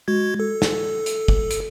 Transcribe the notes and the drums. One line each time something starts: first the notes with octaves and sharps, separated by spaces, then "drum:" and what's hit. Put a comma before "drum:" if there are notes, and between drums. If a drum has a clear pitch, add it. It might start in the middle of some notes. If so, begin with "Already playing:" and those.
G#3 F#4 G#6
A4
drum: snare
drum: hi-hat
drum: kick
drum: hi-hat